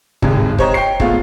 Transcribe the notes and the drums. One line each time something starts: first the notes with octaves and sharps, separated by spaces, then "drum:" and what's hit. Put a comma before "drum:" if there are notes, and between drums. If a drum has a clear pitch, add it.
D1 G#1 C3 G#3 G#4, drum: kick
G4 C5 C#5 D#5 A#5, drum: kick
G5 C7
G#3 A3 B3 F4, drum: kick